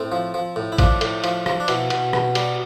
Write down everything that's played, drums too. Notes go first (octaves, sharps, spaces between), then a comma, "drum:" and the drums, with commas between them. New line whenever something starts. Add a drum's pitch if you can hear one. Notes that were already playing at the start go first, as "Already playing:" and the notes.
Already playing: A2 C4
F3
F3
A2
E4
F3 D4, drum: kick G#1, cymbal
A2, drum: cymbal
F3, drum: cymbal
F3, drum: rim click
D4
B2 E4, drum: cymbal
B2, drum: cymbal
B2, drum: rim click
G3, drum: cymbal